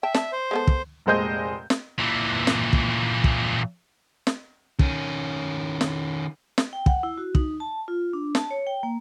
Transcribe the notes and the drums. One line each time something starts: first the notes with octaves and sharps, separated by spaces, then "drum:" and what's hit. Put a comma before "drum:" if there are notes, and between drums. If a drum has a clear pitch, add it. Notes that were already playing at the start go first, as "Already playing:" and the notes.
E5 G5 A5
D5 A5, drum: snare
C5
G#3 B3 A4
drum: kick
F1 A#2 G#3 C5 D#5 G6
drum: snare
A#2 E3
drum: snare
drum: kick
drum: kick
drum: snare
D#3 C#4, drum: kick
drum: snare
drum: snare
G5
F#5, drum: kick
E4
F#4
D#4, drum: kick
A5
F4
D4
A5, drum: snare
C#5
G5
A#3